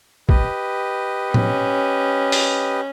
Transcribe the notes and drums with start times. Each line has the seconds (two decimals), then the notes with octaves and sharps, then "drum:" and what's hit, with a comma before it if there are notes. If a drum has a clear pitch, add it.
0.29 G4 B4 D#5, drum: kick
1.34 C#4, drum: tom
2.32 drum: open hi-hat